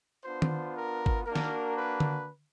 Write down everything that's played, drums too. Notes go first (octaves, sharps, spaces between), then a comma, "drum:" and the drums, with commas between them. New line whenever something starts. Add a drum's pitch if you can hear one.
B3 D4 F4 C5
drum: tom D#3
A#4
drum: kick
A#3 D4 F#4 A#4
drum: snare
B4
drum: tom D3